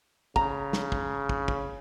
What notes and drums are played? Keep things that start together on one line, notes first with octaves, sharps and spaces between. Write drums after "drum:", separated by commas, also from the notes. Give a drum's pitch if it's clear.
C#3 A#5, drum: kick
drum: snare
drum: kick
drum: kick
drum: kick